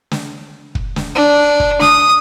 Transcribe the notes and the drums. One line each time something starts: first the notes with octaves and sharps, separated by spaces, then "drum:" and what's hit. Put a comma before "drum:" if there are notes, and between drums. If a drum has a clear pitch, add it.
drum: snare
drum: kick
drum: snare
D4
drum: kick
D#6, drum: snare